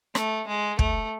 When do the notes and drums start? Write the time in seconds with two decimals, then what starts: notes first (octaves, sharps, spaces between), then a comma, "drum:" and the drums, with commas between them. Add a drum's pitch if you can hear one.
0.15 A3, drum: rim click
0.47 G#3
0.79 A3, drum: kick